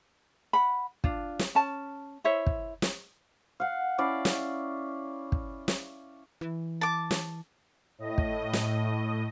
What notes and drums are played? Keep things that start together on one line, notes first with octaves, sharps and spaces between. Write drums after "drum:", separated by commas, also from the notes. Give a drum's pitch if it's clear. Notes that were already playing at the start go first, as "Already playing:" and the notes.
F#5 B5
D4 F4, drum: kick
drum: snare
C#4 A5
E4 C5 C#5 E5
drum: kick
drum: snare
F5 F#5
C#4 E4 D5 F5
drum: snare
drum: kick
drum: snare
E3
A5 D6
drum: snare
A2 D#5
drum: kick
drum: snare